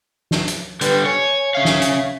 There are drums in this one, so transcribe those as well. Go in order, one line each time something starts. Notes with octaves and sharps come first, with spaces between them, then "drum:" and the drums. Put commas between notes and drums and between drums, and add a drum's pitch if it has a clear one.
drum: snare
drum: hi-hat
D3 G3 B4, drum: hi-hat
C#5 G#5
C#4 E5 F5
drum: snare
drum: hi-hat